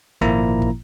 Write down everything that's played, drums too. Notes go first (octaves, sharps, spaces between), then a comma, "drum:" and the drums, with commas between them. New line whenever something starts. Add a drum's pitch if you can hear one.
G#1 A#2 F3 A#3 E4 A#5, drum: kick
drum: kick